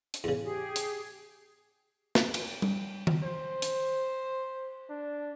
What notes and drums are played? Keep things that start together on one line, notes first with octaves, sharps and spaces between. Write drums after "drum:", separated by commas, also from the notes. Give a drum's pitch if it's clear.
drum: hi-hat
E2 C#3
G4 G#4
drum: hi-hat
drum: snare
drum: cymbal
drum: tom G3
drum: tom D#3
C5
drum: hi-hat
D4